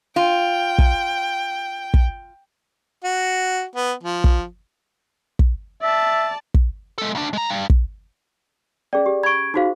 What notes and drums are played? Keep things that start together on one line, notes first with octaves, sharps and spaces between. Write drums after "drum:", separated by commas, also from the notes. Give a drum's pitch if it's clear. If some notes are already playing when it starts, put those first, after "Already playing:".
F4 G5
drum: kick
drum: kick
F#4
B3
F3
drum: kick
drum: kick
D5 E5 A5
drum: kick
G#3 A4
D2 D4
G#3 A#5
G2
drum: kick
C#4 G#4 D5
G4
B5 C#6 G#6 D7
D#4 F4 F#4 G#4 C5 F5